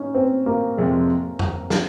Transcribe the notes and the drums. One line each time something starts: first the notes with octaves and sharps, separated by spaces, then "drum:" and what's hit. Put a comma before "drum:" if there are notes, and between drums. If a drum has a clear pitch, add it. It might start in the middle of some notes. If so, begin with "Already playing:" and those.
Already playing: C#4 D#4
C4
A#3
F2 C3 F3 G#3
drum: tom F2
drum: snare